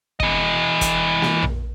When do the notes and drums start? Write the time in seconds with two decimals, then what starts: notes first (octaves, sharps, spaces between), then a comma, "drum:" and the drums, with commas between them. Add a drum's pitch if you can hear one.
0.20 E3 D#5, drum: kick
0.81 drum: kick, hi-hat
1.22 drum: snare A#3
1.42 drum: tom A#1